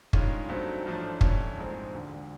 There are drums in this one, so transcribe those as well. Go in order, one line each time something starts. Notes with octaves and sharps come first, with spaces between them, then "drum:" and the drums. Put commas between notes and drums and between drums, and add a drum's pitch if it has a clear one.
G2 D#3 G#3 C#4 F4, drum: kick
G2 D#3 F#3 A3 C4
A1 G#2 F3 A3 D4
G2 E3 A3 C#4, drum: kick
A#1 G#2 D#3 G#3 C4
E1 D2 D3